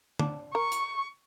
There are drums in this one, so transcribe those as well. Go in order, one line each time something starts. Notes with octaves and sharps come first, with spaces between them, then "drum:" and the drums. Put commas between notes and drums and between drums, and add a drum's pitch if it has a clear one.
D4, drum: tom D3
A#4 C#6
drum: hi-hat